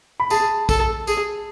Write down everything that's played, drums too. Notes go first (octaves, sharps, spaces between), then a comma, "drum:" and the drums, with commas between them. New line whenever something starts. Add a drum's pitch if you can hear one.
B5
G#4 A5, drum: tambourine
A4, drum: kick A#1, tambourine
G#4, drum: tambourine